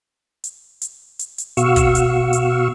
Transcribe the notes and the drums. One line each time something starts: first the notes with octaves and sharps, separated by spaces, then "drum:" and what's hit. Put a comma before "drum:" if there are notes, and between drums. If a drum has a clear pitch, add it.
drum: hi-hat
drum: hi-hat
drum: hi-hat
drum: hi-hat
B2 F#4 F5 C#6 E6, drum: hi-hat
drum: kick, hi-hat
drum: hi-hat
drum: hi-hat